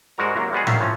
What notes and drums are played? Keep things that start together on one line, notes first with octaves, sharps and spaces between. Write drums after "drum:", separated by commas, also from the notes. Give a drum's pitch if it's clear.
G#2 G3 G#3 F#4 A#4 A#5
C3 F#3 A#3
G3 G#3 B3 F#4 G#4
D#3 F#3 E5 F5, drum: tom A2
E3 F3 C#4